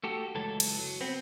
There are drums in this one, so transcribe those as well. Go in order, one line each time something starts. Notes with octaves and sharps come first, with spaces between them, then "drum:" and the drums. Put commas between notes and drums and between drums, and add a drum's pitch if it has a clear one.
A3 F#4 G4 A4
C#2 F#2 E3 A4
drum: cymbal
F#3
B3 C4